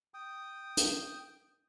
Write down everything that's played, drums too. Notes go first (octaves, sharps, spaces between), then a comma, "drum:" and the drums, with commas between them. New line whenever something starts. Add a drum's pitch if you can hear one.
G5 D#6
drum: hi-hat